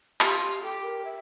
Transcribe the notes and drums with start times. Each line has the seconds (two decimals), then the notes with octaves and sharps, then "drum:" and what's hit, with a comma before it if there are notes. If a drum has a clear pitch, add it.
0.21 F4 G4, drum: clap
0.41 G4
0.63 G4 A4
0.83 A#4
1.05 E5